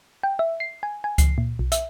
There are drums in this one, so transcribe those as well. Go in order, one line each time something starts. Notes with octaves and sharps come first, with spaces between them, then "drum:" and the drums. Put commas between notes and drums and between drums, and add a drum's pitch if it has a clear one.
G5
E5
C7
G#5
G#5
C7, drum: kick C#2, hi-hat
A#2
B1
E5, drum: hi-hat